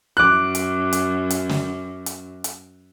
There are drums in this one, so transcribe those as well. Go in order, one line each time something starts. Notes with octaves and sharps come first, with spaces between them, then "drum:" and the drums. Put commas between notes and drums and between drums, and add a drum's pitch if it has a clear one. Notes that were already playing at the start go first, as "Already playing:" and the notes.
F#2 D6 F#6
drum: hi-hat
drum: hi-hat
drum: hi-hat
drum: snare
drum: hi-hat
drum: hi-hat